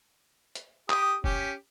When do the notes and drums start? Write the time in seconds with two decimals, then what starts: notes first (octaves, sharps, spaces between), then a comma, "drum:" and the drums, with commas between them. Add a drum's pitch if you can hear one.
0.55 drum: hi-hat
0.90 G4 D#6, drum: clap
1.24 C#4 G4, drum: kick F1